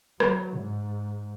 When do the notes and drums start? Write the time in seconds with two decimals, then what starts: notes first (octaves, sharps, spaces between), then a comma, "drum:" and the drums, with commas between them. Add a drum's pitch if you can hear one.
0.20 F#3, drum: rim click
0.55 G#2